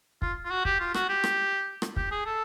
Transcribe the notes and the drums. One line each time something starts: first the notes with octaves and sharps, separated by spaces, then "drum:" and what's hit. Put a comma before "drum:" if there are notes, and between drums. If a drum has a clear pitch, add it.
F4, drum: kick
F4
F#4
G4, drum: kick
F4
F#4, drum: rim click
G4
drum: rim click
drum: rim click
G4, drum: kick
G#4
A4